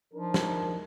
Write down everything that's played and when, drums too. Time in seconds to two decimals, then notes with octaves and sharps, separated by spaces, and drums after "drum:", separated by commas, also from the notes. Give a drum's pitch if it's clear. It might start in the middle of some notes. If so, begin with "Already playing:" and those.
0.14 F3 D4 D#4 A#4
0.34 drum: snare